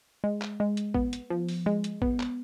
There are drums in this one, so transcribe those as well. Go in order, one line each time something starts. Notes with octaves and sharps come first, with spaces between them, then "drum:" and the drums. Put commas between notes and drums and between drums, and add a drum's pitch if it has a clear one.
G#3
drum: clap
G#3
drum: hi-hat
B3, drum: kick
drum: hi-hat
F3
drum: open hi-hat
G#3
drum: hi-hat
B3, drum: kick
drum: clap